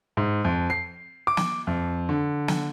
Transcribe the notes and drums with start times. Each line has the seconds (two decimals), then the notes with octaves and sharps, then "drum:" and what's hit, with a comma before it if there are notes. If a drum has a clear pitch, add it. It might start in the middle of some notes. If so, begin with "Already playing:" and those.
0.17 G#2
0.45 F2
0.70 C7
1.27 D6
1.37 drum: snare
1.67 F2
2.09 D3
2.48 drum: snare